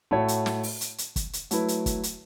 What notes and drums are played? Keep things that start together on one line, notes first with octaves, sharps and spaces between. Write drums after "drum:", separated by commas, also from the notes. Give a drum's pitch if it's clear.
A2 A3 F#4 A4 C#5
drum: hi-hat
drum: snare
drum: open hi-hat
drum: hi-hat
drum: hi-hat
drum: kick, hi-hat
drum: hi-hat
F#3 A3 E4 B4, drum: hi-hat
drum: hi-hat
drum: kick, hi-hat
drum: hi-hat